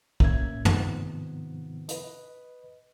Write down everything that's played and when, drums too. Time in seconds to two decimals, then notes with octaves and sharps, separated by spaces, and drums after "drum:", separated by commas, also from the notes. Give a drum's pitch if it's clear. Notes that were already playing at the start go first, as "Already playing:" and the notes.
0.20 A2 A#3 C#4 E5 G#6, drum: kick
0.65 G#2 C3 D#3 F3 B3, drum: tom
1.89 B4 D#5, drum: hi-hat